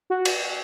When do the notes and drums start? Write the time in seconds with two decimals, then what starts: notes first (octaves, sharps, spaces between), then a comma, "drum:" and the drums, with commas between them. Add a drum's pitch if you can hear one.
0.10 F#4
0.25 drum: cymbal